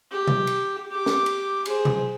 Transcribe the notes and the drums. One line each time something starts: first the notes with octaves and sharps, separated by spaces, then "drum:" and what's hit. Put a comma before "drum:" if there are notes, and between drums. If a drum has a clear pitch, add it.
G4
drum: tom B2
drum: cymbal
G4 D6
drum: snare
drum: cymbal
G#4 C5, drum: cymbal
drum: tom B2